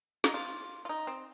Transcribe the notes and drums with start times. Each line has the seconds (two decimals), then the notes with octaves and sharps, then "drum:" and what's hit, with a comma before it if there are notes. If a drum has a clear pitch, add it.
0.24 D#4, drum: snare
0.34 F4
0.85 F4
0.89 D#4
1.07 C4